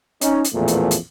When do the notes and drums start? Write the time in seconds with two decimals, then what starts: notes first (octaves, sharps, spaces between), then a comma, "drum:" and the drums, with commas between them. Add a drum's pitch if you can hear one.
0.21 C#4 D#4, drum: hi-hat
0.44 drum: hi-hat
0.54 A1 E2 A#2 E3 F3 A3
0.68 drum: hi-hat
0.91 drum: hi-hat